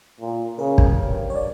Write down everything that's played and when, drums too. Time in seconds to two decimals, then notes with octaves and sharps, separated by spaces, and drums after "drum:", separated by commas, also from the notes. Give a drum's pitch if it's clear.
0.20 A#2
0.59 C#3 A#4
0.78 drum: kick
0.97 G2
1.30 C#5
1.35 D5